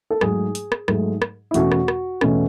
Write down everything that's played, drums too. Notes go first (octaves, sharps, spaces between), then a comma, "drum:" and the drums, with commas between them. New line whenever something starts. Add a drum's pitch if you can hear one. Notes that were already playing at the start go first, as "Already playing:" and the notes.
A4
G#2 F#3 A3 G#4, drum: rim click
drum: hi-hat
drum: rim click
G#2 F#3 A3, drum: rim click
drum: rim click
E4
E2 B2 A3 C#4 F#4, drum: hi-hat
drum: rim click
drum: rim click
E2 B2 A3 C#4, drum: rim click